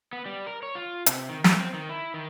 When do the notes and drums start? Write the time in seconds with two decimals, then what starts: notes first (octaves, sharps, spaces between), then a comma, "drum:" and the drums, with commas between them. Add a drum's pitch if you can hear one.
0.13 B3
0.26 G3
0.47 A#4
0.63 C#5
0.75 F4
1.06 C3, drum: hi-hat
1.29 D#3
1.44 A3, drum: snare
1.59 C4
1.74 D#3
1.89 E4
2.14 D#3